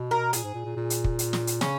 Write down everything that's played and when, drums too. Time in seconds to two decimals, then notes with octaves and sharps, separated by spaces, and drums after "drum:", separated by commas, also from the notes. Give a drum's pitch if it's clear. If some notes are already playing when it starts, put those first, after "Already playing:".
Already playing: B2
0.11 A#4
0.33 A#2 G#4, drum: hi-hat
0.44 G#2
0.54 A#2
0.65 A#2
0.76 A#2
0.90 drum: hi-hat
1.04 drum: kick
1.19 drum: hi-hat
1.33 drum: snare
1.47 drum: hi-hat
1.61 C#3 C#4, drum: snare